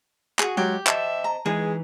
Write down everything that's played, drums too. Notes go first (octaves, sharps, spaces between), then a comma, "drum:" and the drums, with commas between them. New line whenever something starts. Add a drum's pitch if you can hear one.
F#4 G#4, drum: clap
F#3 G#3 G4
C5 D#5 E5 A5, drum: clap
A#5
E3 G#3 D#4 G#4 B4